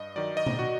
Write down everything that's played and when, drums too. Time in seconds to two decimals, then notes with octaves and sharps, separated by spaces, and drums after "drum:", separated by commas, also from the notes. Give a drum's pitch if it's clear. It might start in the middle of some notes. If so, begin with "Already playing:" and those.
Already playing: G2 D#5
0.16 D#3 F#3 D5
0.37 D#5
0.46 drum: tom B2
0.59 F#4